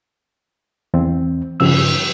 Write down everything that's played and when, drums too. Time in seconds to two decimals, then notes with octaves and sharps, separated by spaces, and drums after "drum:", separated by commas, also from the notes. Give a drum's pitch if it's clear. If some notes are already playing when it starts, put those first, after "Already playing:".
0.94 E2 C4
1.60 G2 C#3 F3 E6, drum: cymbal